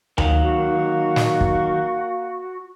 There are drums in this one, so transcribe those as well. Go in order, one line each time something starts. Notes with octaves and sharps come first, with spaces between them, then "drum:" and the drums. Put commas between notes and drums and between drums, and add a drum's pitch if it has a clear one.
D#3 F#3 A#3, drum: tom D2
F#4
drum: snare
drum: kick